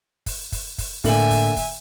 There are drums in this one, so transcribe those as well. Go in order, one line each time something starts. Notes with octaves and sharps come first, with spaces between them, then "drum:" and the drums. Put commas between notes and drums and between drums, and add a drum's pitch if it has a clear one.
drum: kick, open hi-hat
drum: kick, open hi-hat
drum: kick, open hi-hat
A2 D3 A#3 E5 G#5 F#7, drum: kick, open hi-hat
drum: kick, open hi-hat
drum: kick, open hi-hat